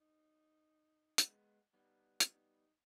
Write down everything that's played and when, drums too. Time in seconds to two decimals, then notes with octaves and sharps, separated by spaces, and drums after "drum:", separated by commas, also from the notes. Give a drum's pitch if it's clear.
0.01 D#4
1.18 G#3 B3, drum: hi-hat
1.73 G3 B3 D#4
2.20 drum: hi-hat
2.30 D#4